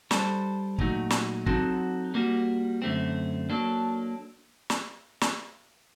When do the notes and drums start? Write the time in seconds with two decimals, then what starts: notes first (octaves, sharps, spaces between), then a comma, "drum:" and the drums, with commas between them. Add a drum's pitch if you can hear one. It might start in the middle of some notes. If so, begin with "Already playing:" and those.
0.11 G3 D4 A4 C5, drum: snare
0.78 A#2 F#3 A3 D#4 F#4, drum: kick
1.10 drum: snare
1.46 F#3 C4 D#4 F#4 A4, drum: kick
2.14 G3 A#3 F#4
2.82 F#2 D3 A3 C4
3.50 F#3 A#3 D4 A4
4.70 drum: snare
5.21 drum: snare